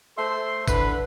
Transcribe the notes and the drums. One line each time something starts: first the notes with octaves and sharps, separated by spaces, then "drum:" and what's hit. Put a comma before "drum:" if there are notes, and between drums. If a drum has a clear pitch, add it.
A3 A4 C5 E5 C6
D3 E3 B4, drum: kick G1, tambourine